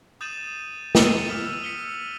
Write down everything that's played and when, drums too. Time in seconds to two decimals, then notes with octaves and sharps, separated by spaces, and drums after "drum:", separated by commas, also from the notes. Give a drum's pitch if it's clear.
0.21 D#6 G6 A6 D#7 E7 F#7
0.95 D#6 E6 C#7 D#7, drum: snare
1.27 D#6 F6 B6 D#7 G7
1.44 E6
1.64 B6 C#7 G7